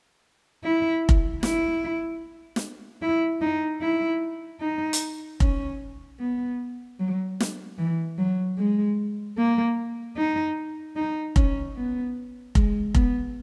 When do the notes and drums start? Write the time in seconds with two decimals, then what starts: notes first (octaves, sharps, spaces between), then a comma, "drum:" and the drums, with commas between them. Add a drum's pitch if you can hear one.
0.64 E4
1.09 drum: kick F1
1.43 E4, drum: snare
2.56 drum: snare
3.02 E4
3.41 D#4
3.81 E4
4.61 D#4
4.93 drum: hi-hat
5.40 C#4, drum: kick F1
6.20 B3
6.99 F#3
7.40 drum: snare
7.78 E3
8.18 F#3
8.58 G#3
9.38 A#3
10.17 D#4
10.96 D#4
11.36 C#4, drum: kick F1
11.76 B3
12.55 G#3, drum: kick F1
12.95 B3, drum: kick F1